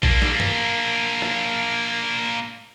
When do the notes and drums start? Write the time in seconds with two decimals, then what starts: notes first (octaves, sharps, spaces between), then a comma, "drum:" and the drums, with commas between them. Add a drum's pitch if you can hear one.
0.03 A#3 D4, drum: kick A#1
0.22 drum: snare
0.40 drum: tom
1.22 drum: rim click